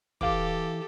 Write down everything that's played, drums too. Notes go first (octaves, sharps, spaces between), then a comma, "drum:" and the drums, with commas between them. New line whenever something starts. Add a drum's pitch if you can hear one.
E3 G4 A4 F5 D6, drum: kick